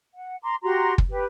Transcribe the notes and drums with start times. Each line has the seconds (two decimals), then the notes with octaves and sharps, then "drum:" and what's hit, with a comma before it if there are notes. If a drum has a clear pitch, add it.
0.15 F#5
0.42 A#5 C6 D6
0.63 F#4 G4 A#5 C6
0.98 drum: kick
1.10 G4 B4